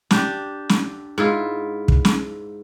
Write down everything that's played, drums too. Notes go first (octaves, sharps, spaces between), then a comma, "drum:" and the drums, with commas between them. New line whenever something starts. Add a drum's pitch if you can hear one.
D4 G4, drum: snare
drum: snare
G#2 E4 F4
drum: kick
drum: snare